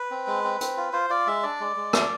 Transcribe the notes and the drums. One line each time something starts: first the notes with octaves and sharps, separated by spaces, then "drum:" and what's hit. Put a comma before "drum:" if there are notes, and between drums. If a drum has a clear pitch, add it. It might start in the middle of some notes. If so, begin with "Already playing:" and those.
Already playing: B4
C4
G#3
C4
C4, drum: hi-hat
F4
F4 C5
F4 D5
G#3 E5
D4 D5
G#3
G#3
A3, drum: rim click